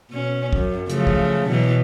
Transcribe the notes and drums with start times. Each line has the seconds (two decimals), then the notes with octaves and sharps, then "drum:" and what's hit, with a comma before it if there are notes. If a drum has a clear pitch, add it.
0.10 B2 C#4
0.53 F#2, drum: kick
0.90 C#3 F3 A3, drum: hi-hat
1.07 drum: kick
1.49 B2 E3 F#3